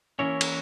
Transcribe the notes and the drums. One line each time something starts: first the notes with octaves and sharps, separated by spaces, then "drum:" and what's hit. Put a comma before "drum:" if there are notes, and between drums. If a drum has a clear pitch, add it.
E3 A#3 C#4 E4 A#4 C#5
drum: cymbal